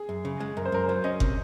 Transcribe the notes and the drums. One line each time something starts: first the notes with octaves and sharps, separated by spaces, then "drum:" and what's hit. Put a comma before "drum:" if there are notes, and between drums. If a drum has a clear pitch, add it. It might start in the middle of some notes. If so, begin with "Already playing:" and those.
Already playing: G#4
F#2
C#3
G#3
F#2 A#4
C5
F#2 A#4
F#3 C5
C#4 D#5
C3, drum: kick F#1